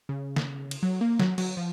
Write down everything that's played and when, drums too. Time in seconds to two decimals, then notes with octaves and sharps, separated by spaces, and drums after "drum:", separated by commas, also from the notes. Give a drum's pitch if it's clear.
0.09 C#3
0.36 drum: snare
0.71 drum: cymbal
0.83 F#3
1.01 A#3
1.20 F#3, drum: snare
1.38 F#3, drum: cymbal
1.57 F3